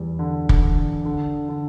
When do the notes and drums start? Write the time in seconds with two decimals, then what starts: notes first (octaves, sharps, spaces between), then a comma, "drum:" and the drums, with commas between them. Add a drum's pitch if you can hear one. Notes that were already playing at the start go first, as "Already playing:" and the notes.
Already playing: E2 G3
0.19 D3
0.49 drum: kick
0.62 D3
1.05 D3
1.49 D3